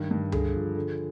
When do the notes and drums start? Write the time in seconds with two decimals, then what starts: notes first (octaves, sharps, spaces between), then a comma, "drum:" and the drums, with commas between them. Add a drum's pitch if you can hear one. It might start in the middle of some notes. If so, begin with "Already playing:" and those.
Already playing: G2 D#3
0.11 G2
0.32 D3 G#4, drum: tom C#2
0.54 F3
0.75 D3